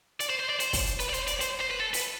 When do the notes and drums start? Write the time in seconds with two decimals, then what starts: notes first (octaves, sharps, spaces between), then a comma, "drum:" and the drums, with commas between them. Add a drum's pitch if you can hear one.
0.20 D5, drum: hi-hat
0.29 C5
0.40 C5
0.49 D5
0.60 C5, drum: hi-hat
0.73 drum: kick, open hi-hat
0.86 drum: hi-hat
1.00 B4, drum: hi-hat
1.09 D5
1.14 C5, drum: hi-hat
1.27 D5, drum: hi-hat
1.41 C5, drum: hi-hat
1.60 C5
1.70 B4
1.80 A4
1.94 B4, drum: open hi-hat